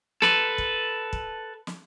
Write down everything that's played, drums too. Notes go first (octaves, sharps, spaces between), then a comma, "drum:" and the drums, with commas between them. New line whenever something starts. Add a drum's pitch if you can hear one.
A4 B4, drum: snare
drum: kick
drum: kick
drum: snare